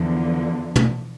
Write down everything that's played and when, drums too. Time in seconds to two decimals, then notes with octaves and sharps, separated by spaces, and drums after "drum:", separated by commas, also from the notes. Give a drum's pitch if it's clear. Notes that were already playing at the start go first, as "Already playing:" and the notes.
Already playing: E2 D3 F3
0.76 drum: tom